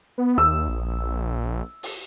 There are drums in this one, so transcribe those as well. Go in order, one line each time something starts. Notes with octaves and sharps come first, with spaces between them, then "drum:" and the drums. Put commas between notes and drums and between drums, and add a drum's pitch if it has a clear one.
B3
D#2 E6
A#1
drum: open hi-hat